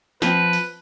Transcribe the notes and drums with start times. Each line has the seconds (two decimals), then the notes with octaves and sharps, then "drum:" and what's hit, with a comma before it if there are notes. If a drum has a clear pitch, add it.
0.22 F3 C4 B4, drum: snare
0.53 drum: open hi-hat